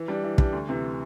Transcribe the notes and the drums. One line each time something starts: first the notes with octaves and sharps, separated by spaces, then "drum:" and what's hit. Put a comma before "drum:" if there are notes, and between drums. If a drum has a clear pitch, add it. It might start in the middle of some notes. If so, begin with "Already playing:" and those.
Already playing: E3
G3 D4
E3
G3 D4, drum: kick
D2
C3 E3